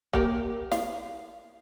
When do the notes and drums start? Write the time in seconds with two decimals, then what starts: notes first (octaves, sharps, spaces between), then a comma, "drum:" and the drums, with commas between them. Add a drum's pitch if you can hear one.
0.13 A#3 G4 A#4, drum: kick
0.71 F5, drum: snare